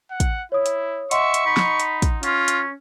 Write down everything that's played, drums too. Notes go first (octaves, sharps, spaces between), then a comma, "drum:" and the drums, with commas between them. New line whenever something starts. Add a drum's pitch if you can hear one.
F#5
drum: kick, hi-hat
E4 C#5 D#6
drum: hi-hat
D#5 E5 F#5 C6 C#6, drum: hi-hat
drum: hi-hat
D#4 B5
drum: snare
drum: hi-hat
drum: kick, hi-hat
C#4 F4, drum: hi-hat
drum: hi-hat